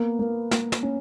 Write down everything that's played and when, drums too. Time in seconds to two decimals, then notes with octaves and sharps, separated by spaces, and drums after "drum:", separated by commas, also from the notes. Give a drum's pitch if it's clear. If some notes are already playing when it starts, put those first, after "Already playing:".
Already playing: A#3 B3
0.19 A#3
0.51 A#3, drum: snare
0.72 drum: snare
0.83 C#4